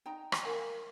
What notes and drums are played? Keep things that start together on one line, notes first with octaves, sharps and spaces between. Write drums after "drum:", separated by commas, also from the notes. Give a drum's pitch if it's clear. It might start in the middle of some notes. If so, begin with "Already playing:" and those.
D#4 G5 A#5
drum: rim click
A#4 F5 G#5